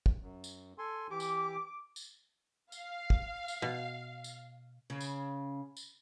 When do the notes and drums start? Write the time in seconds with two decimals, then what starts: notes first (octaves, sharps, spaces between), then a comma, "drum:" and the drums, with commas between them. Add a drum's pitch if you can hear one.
0.06 drum: kick
0.21 F#2
0.44 drum: tambourine
0.78 A4 G#5 C6
1.11 E3 G4 D6
1.20 drum: tambourine
1.96 drum: tambourine
2.72 F5, drum: tambourine
3.10 drum: kick
3.48 drum: tambourine
3.62 B2
4.24 drum: tambourine
4.90 C#3
5.00 drum: tambourine
5.77 drum: tambourine